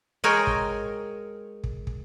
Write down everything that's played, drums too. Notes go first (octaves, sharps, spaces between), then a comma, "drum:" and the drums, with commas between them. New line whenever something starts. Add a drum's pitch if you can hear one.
G#3 G#4 A#4 C#5 G5
drum: kick
drum: kick
drum: kick